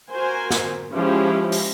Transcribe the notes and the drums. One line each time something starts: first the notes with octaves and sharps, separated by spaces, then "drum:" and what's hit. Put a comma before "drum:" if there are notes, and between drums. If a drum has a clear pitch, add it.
F#4 A#4 C5 G#5
drum: snare
F3 G#3 C#4 E4 G4
drum: open hi-hat